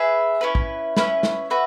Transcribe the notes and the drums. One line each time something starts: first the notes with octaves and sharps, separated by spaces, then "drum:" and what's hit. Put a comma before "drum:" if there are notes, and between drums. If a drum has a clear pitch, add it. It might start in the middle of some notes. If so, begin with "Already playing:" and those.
Already playing: G#4 B4 E5
C#4 E4 B4
drum: kick
C#4 E4 B4, drum: snare
drum: snare
F#4 B4 E5